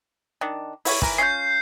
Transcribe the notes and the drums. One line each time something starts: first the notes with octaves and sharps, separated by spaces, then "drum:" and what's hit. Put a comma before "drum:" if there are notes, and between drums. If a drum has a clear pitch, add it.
D#3 D4
E4 C#5, drum: open hi-hat
E3 A#4, drum: kick
C#4 F4 F5 G6 C7